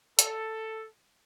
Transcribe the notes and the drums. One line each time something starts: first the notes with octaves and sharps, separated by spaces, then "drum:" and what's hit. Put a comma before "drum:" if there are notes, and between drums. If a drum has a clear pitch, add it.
A4, drum: hi-hat